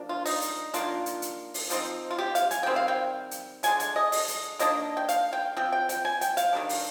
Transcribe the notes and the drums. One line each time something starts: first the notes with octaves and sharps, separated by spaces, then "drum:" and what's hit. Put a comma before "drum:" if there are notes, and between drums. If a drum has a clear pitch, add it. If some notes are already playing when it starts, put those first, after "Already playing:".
Already playing: F3 A#3 D4
F4
D#4, drum: open hi-hat
drum: hi-hat
D#3 A#3 D4 F4, drum: hi-hat
drum: hi-hat
drum: hi-hat
drum: open hi-hat
F3 C4 D#4, drum: hi-hat
F4
G4
F5, drum: hi-hat
G#5, drum: hi-hat
D#3 G3 C4 G5
F5
G5
drum: hi-hat
D3 G#3 D4 G#5, drum: hi-hat
G#5, drum: hi-hat
D#5
D#5, drum: open hi-hat
drum: hi-hat
D#3 A#3 D4 D#5, drum: hi-hat
G5
F5, drum: hi-hat
G5
F3 C4 G5
G5
G5, drum: hi-hat
G#5
G5, drum: hi-hat
F5, drum: hi-hat
D#3 G3 D4
drum: open hi-hat